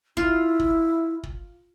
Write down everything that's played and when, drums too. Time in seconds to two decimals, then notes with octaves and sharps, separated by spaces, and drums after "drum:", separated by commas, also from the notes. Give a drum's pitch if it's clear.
0.17 E4 F4, drum: kick
0.59 drum: kick
1.23 drum: kick